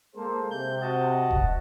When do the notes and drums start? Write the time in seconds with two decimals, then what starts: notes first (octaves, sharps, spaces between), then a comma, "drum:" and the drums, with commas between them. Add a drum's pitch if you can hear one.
0.16 G#3 A#3 A4 C5
0.51 C3 G6
0.82 F#4 D#5 F#5 A5
1.31 drum: kick D#1